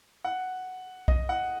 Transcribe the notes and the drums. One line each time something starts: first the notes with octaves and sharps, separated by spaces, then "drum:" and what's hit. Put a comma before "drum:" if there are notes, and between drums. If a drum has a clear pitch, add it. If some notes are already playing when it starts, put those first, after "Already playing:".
F#5
D#5, drum: kick B1
F#5